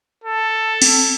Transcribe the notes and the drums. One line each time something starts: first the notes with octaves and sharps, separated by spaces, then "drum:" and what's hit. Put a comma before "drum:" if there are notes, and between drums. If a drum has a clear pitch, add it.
A4
C4, drum: cymbal